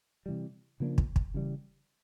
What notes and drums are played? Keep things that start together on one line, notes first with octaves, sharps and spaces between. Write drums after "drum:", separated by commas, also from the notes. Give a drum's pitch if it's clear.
C3 E3 G3
C#3 F3 A#3 D4
drum: kick
drum: kick
C#3 E3 G3